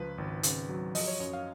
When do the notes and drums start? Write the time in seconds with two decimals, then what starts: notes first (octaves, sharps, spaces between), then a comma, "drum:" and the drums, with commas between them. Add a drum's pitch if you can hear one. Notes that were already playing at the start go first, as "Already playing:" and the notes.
Already playing: C#2 F3 B4
0.18 G#1
0.43 C#3, drum: hi-hat
0.69 F#3
0.95 F3 D#5, drum: open hi-hat
1.08 C#5
1.20 F#2 C#5
1.33 F5